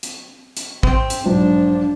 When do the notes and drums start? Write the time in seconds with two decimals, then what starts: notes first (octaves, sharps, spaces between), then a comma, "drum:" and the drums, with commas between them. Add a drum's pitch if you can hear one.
0.03 drum: hi-hat
0.57 drum: hi-hat
0.83 C4, drum: kick
1.10 drum: hi-hat
1.26 B1 G#2 F3 D4